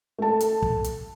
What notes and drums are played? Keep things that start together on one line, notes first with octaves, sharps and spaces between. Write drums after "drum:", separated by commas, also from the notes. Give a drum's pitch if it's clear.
A3 A5
drum: hi-hat
drum: kick
drum: hi-hat